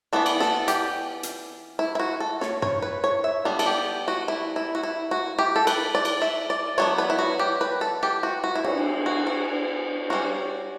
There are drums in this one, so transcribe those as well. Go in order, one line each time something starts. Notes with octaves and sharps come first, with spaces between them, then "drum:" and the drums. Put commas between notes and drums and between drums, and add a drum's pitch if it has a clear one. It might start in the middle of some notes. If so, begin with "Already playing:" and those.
E3 B3 D4 A4
drum: cymbal
A4, drum: snare
G4, drum: hi-hat
drum: hi-hat
E4
E4
F#4
A4
C#5, drum: snare
C#5, drum: tom
B4
C#5
E5
G3 B3 D4
A4, drum: cymbal
G4
F#4
E4
E4
F#4
E4
F#4
G4
A4
B4, drum: cymbal
D5
drum: cymbal
E5
D5
F#3 B3 D4 C#5
B4
E4
F#4
G4
B4
A4
G4
F#4
F#4
E4
F#4, drum: cymbal
F#4
F#4
G3 C#4 F#4